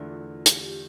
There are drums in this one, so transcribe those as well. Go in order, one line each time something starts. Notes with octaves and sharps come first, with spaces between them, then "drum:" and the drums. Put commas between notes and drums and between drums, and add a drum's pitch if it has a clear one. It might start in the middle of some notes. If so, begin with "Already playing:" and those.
Already playing: E2 D3 A3 D4 F4
G4, drum: hi-hat
G4
G4